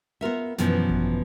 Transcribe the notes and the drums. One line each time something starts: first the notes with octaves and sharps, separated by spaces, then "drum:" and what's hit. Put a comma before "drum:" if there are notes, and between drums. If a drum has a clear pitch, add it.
B3 F4 A#4 E5
F#2 B2 E3 F3 B3, drum: snare
drum: kick G#1